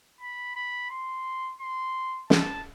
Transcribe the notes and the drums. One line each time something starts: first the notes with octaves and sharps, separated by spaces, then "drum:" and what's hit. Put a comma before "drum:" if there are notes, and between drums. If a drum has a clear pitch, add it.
B5
B5
C6
C6
A5, drum: snare